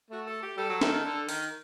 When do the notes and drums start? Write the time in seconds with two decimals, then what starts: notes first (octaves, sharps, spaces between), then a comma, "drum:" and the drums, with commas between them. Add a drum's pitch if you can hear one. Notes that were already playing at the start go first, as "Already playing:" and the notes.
0.10 A3 F#4
0.27 A4
0.42 G4
0.58 G3 A4
0.69 F#3
0.81 D#3, drum: snare
0.93 D#3
1.05 D3
1.29 D#3, drum: open hi-hat